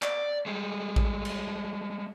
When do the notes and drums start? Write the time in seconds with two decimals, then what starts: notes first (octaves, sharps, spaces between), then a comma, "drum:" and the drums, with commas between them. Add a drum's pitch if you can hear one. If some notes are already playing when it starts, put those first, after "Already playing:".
0.02 D5, drum: clap
0.46 G3 G#3
0.96 drum: kick A1
1.25 drum: cymbal